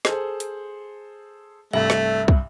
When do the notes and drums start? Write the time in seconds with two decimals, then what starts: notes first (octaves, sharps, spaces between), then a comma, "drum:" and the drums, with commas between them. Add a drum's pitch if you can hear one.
0.05 G#4 A4 C5, drum: snare
0.40 drum: hi-hat
1.73 C2 G2 A3 E5
1.90 drum: snare
2.28 drum: kick